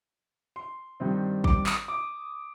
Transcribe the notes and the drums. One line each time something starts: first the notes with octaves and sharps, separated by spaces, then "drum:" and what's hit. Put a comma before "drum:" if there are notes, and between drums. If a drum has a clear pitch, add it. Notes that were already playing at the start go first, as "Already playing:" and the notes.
C6
G2 D#3 G3 C4
D6, drum: kick
D#6, drum: clap
D6